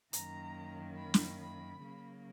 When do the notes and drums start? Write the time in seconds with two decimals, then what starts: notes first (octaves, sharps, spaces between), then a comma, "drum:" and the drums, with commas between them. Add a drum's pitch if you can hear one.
0.13 F#2 D#3 A#3 A#5, drum: hi-hat
0.98 B5
1.14 drum: snare
1.40 B5
1.83 C#3 F#3 A#3